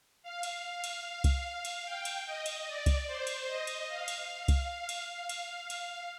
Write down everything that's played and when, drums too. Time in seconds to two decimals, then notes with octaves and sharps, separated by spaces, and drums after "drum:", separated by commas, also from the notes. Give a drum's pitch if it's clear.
0.23 F5
0.43 drum: cymbal
0.84 drum: cymbal
1.24 drum: kick C2, cymbal
1.65 drum: cymbal
1.85 G5
2.05 drum: cymbal
2.26 D#5
2.46 drum: cymbal
2.67 D5
2.86 drum: kick C2, cymbal
3.07 C5
3.27 drum: cymbal
3.46 D#5
3.67 drum: cymbal
3.88 F5
4.08 drum: cymbal
4.48 drum: kick C2, cymbal
4.89 drum: cymbal
5.29 drum: cymbal
5.70 drum: cymbal